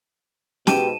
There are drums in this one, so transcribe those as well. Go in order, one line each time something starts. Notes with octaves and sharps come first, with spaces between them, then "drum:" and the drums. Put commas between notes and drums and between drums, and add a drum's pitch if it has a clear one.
G#2 B2 G4 A5 D#7 E7, drum: snare C#4